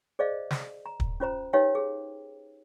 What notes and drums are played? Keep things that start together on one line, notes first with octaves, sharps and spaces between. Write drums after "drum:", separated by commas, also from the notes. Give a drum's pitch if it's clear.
G#4 C5 D5 D#5 F5
drum: snare
A#5
drum: kick
C#4 F4 C5 A#5
D#4 G4 B4 C#5 F5 G5
G#4